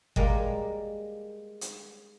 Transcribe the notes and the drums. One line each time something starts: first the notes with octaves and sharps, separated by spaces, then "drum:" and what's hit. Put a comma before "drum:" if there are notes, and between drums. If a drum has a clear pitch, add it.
G3 G#3 A#3, drum: kick G1
drum: hi-hat